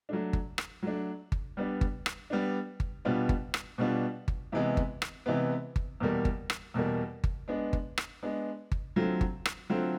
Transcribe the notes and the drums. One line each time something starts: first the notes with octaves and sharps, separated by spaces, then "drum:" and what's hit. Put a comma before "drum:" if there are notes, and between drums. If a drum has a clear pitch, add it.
F#3 A3 D4
drum: kick G1
drum: rim click
F#3 A3 D4
drum: kick G1
G3 B3 D4
drum: kick G1
drum: rim click
G3 B3 D4
drum: kick G1
B2 G3 B3 D4 F4
drum: kick G1
drum: rim click
B2 G3 B3 D4 F4
drum: kick G1
C3 E3 G#3 B3
drum: kick G1
drum: rim click
C3 E3 G#3 B3
drum: kick G1
E2 B2 G3 A#3
drum: kick G1
drum: rim click
E2 B2 G3 A#3
drum: kick G1
G#3 B3 D4
drum: kick G1
drum: rim click
G#3 B3 D4
drum: kick G1
D3 F#3 A3 C4 F4
drum: kick G1
drum: rim click
D3 F#3 A3 C4 F4